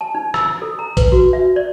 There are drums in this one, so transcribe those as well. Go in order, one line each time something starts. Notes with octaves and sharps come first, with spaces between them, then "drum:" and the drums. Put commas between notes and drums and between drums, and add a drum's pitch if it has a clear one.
A5
D#4
E6, drum: rim click
A4
A#5
B4, drum: kick, hi-hat
F#4
E5
D5